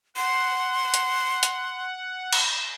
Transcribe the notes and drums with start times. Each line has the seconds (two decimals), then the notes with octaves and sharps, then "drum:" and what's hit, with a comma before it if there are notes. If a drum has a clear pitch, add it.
0.16 F#5 C6
0.94 drum: hi-hat
1.43 drum: hi-hat
2.33 drum: cymbal